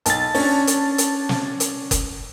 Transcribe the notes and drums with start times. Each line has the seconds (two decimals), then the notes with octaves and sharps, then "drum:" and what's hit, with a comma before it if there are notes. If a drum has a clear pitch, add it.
0.06 B1 A5 A6, drum: hi-hat
0.34 C#4 D4, drum: open hi-hat
0.67 drum: hi-hat
0.98 drum: hi-hat
1.29 drum: snare
1.60 drum: hi-hat
1.91 drum: kick F#1, hi-hat